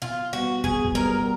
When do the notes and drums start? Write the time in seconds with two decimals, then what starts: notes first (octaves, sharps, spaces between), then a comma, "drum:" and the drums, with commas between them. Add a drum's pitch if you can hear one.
0.02 B2 F4
0.33 G3 B3 F#4
0.64 B2 G#4, drum: kick
0.85 drum: kick
0.94 G3 B3 A#4